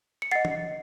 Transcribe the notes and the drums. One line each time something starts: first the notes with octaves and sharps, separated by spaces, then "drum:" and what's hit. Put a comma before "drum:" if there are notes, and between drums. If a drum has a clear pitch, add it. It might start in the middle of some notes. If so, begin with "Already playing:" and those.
C#7
D#5 F#5 A6 C7
drum: tom